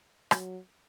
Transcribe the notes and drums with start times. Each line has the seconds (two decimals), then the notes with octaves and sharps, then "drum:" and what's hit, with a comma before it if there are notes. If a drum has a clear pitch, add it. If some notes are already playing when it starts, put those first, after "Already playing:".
0.31 F#3, drum: rim click